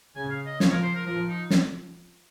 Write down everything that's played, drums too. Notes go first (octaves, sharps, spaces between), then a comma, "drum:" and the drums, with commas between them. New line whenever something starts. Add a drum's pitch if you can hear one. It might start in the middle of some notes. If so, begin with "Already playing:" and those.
C#3 G#5
F5
D#5
F3 C#5, drum: snare
A#4
C5
A#4
F3 A#4
D#4
drum: snare